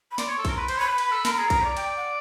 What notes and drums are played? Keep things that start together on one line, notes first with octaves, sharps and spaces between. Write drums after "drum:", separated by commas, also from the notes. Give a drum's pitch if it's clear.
B5
D5 C6, drum: snare
C#5 C#6
A4
A#4 C6, drum: kick, cymbal
B4 B5
C5 C6, drum: cymbal
C#5 B5
B4
B4, drum: cymbal
A4
A#4, drum: snare
G#4 A#5
A#4, drum: kick, cymbal
D5
G5, drum: cymbal
F#5